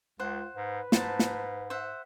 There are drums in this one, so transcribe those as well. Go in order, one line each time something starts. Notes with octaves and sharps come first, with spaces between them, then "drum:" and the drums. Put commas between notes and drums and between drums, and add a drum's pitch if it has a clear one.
C#2 F4 C5 F#5
G#2 B4
G#2 C5 A5, drum: snare
drum: snare
C5 E5 F#5